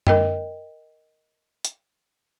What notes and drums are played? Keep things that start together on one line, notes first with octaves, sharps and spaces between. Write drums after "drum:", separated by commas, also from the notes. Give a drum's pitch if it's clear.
A#4 D#5 G5, drum: tom F#2
drum: hi-hat